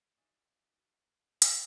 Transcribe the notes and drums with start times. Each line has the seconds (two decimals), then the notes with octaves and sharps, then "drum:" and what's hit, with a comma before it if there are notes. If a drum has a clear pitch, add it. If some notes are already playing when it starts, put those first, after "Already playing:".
0.17 B1 D5 G#5 D#6 E7
1.42 drum: hi-hat